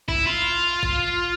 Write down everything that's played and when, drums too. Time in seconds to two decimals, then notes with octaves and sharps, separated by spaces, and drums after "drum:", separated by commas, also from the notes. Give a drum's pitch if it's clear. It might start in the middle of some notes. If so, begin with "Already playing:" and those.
0.08 E4, drum: kick A1
0.26 F4
0.83 drum: kick A1